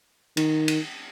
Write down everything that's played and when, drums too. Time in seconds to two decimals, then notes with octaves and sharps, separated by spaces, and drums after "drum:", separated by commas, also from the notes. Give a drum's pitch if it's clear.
0.37 D#3, drum: cymbal
0.68 drum: cymbal